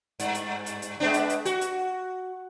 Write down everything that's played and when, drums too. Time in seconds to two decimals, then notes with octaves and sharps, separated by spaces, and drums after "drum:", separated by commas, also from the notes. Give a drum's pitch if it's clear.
0.19 G2, drum: hi-hat
0.35 drum: hi-hat
0.66 drum: hi-hat
0.82 drum: hi-hat
1.00 G#3 B3 D4
1.14 drum: hi-hat
1.30 drum: hi-hat
1.45 F#4, drum: hi-hat
1.61 drum: hi-hat